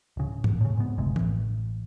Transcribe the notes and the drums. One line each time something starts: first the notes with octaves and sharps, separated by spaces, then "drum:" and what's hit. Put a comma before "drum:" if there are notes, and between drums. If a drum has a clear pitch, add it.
D1 C#3
drum: tom G#2
A2 C#3
G#2 B3
F#1 D2 C3 G#3
A1, drum: tom